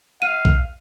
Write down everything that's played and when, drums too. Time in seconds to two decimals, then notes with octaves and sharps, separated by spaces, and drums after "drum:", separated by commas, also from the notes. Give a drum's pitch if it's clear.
0.22 F5 D#7
0.45 drum: kick B1